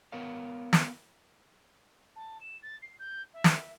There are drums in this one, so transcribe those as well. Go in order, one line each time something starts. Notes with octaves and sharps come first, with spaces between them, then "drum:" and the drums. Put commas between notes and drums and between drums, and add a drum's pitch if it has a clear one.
B3 A#4 C#5 F5
drum: snare
A5
E7
A6
C7
G6
E5
drum: snare